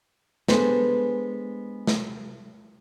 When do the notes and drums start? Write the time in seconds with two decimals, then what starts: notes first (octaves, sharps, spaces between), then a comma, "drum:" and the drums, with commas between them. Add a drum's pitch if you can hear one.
0.48 G#3 B3 D4 G#4 A4 C5, drum: snare
1.87 drum: snare